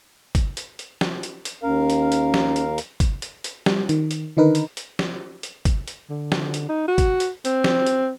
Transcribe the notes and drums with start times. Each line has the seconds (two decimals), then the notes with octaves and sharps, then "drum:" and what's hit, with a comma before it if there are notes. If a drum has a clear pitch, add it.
0.35 drum: kick, hi-hat
0.57 drum: hi-hat
0.79 drum: hi-hat
1.01 drum: snare
1.23 drum: hi-hat
1.45 drum: hi-hat
1.63 D#2 C#4 A#4 F5
1.90 drum: hi-hat
2.12 drum: hi-hat
2.34 drum: snare
2.56 drum: hi-hat
2.78 drum: hi-hat
3.00 drum: kick, hi-hat
3.22 drum: hi-hat
3.44 drum: hi-hat
3.66 G3, drum: snare
3.89 D#3, drum: hi-hat
4.11 drum: hi-hat
4.37 D3 D#3 D#4 A#4 B4
4.55 drum: hi-hat
4.77 drum: hi-hat
4.99 drum: snare
5.43 drum: hi-hat
5.65 drum: kick, hi-hat
5.88 drum: hi-hat
6.10 D3
6.32 drum: snare
6.54 drum: hi-hat
6.69 D#4
6.88 F#4
6.98 drum: kick, hi-hat
7.20 drum: hi-hat
7.45 C4, drum: hi-hat
7.64 drum: snare
7.86 drum: hi-hat